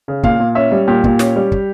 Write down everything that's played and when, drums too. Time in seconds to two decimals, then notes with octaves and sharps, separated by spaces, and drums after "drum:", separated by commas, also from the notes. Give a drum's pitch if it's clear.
0.08 C#3
0.23 A#2 F5, drum: kick
0.40 A#2
0.55 C#4 E5
0.72 G3
0.88 A#2 G4
1.04 A#2, drum: kick
1.19 C#4, drum: snare
1.36 G3
1.52 drum: kick